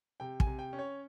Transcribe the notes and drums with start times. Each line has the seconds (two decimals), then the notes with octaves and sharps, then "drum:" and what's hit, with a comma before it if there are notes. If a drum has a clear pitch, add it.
0.20 C3 G5
0.40 G#5, drum: kick
0.47 C3
0.59 G5
0.73 C#4
0.79 C#5